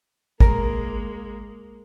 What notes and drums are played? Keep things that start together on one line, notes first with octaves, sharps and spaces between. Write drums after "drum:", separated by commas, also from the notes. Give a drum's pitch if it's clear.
G#3 A#3 A#4, drum: kick G#1